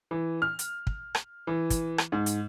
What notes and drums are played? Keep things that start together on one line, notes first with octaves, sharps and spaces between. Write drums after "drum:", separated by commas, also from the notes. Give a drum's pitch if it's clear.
E3
F6
drum: hi-hat
drum: kick
drum: rim click
E3
drum: kick, hi-hat
drum: rim click
G#2
drum: hi-hat